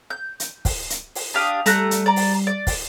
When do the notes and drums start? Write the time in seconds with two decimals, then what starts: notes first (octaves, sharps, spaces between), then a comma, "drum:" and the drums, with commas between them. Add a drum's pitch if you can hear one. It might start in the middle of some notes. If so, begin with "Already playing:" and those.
0.10 G6
0.40 drum: hi-hat
0.65 drum: kick, open hi-hat
0.90 drum: hi-hat
1.15 drum: open hi-hat
1.34 D4 G4 F5 D#6
1.66 G3 A3 A#5 F#6, drum: hi-hat
1.91 drum: hi-hat
2.06 D5 A#5
2.16 drum: open hi-hat
2.47 D5
2.67 drum: kick, open hi-hat